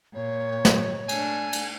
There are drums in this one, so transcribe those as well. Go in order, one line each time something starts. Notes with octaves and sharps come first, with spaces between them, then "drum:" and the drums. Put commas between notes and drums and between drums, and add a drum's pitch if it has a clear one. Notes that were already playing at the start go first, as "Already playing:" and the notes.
A#2 C#5
drum: snare
A3 D4 G#5, drum: cymbal
drum: cymbal